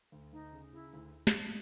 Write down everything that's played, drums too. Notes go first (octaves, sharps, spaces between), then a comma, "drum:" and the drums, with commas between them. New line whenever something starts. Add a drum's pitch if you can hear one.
D2
D2 D#4
C#3
C#3 E4
D2
drum: snare